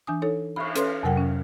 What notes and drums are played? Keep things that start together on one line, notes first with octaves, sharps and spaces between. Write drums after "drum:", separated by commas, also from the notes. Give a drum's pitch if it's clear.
E3 D4 G#5 D#6
D#4 A4 C#5
B5 C#6, drum: cymbal
C#4 A4 B4 C#5 C6, drum: hi-hat
F2 C3 F#3 A#4 F#5 G5
C#4